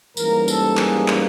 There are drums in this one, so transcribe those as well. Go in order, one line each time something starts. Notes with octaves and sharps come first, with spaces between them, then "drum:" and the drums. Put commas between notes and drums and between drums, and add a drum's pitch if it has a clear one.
G#2 E3 G3 A#3 C#4 A#4, drum: tambourine
A4, drum: tambourine
G#4, drum: clap
drum: clap